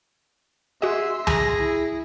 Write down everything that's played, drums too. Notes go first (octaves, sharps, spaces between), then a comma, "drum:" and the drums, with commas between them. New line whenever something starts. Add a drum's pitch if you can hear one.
F#4 G#4 D#5 E5 C6
G#4 G#5 A#5 A#6, drum: tom
E4